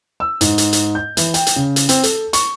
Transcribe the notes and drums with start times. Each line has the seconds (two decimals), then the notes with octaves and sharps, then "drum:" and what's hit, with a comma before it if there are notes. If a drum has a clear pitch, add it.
0.20 E6
0.41 G#2, drum: hi-hat
0.58 drum: hi-hat
0.73 drum: hi-hat
0.95 G6
1.17 E3, drum: hi-hat
1.34 G5, drum: hi-hat
1.47 drum: hi-hat
1.56 C#3
1.76 drum: hi-hat
1.89 C4, drum: hi-hat
2.03 A4, drum: hi-hat
2.33 C#6, drum: hi-hat